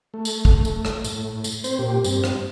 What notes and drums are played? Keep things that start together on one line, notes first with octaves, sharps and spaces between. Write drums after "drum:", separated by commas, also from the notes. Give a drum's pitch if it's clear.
A3
drum: tambourine
drum: kick
drum: tambourine
drum: rim click
A2, drum: tambourine
drum: tambourine
C4 C5, drum: tambourine
A#2 G4
G2 C4, drum: tambourine
drum: rim click